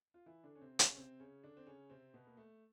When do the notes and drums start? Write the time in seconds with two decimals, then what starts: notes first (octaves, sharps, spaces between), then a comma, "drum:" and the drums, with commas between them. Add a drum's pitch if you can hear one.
0.14 F4
0.26 E3 E4
0.43 D3 D4
0.55 C#4
0.61 C3 C4
0.79 C#3 C#4, drum: hi-hat
0.97 C3 C4
1.20 C#3 C#4
1.44 D3 D4
1.57 C4
1.67 C#3 C#4
1.90 C3 C4
2.14 B2 B3
2.27 A#3
2.37 A3